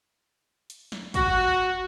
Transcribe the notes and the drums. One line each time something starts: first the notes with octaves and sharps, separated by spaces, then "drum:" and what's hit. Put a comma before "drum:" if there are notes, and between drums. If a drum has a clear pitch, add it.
drum: hi-hat
drum: snare
F#4, drum: kick, hi-hat